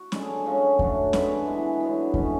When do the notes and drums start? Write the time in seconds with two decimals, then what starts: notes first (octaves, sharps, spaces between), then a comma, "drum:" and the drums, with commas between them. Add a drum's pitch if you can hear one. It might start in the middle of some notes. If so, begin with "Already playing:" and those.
Already playing: F#4
0.12 G#3 D4 A4 C#5, drum: snare C#4
0.46 C#3 F#3 C#4 F#4
0.79 D3 A3 D4 F#4, drum: kick E2
1.13 G#3 D4 F#4 B4, drum: snare C#4
1.47 E3 G#3 B3
1.80 D3 F#3 B3
2.14 B2 A3 C#4, drum: kick E2